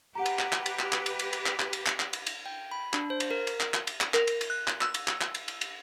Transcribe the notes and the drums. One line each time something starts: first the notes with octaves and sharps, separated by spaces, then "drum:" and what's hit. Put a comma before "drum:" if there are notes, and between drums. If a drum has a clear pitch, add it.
G4 B4 F#5 A#5
drum: cymbal
drum: clap
drum: clap
drum: cymbal
drum: clap
drum: clap
drum: cymbal
drum: cymbal
drum: cymbal
drum: clap
drum: clap
drum: cymbal
drum: clap
drum: clap
drum: cymbal
drum: cymbal
G5
B5
D4, drum: clap
C5
drum: cymbal
A#4
drum: cymbal
drum: clap
drum: clap
drum: cymbal
drum: clap
A#4, drum: clap
drum: cymbal
drum: cymbal
F#6
drum: clap
E6, drum: clap
drum: cymbal
drum: clap
drum: clap
drum: cymbal
drum: cymbal
drum: cymbal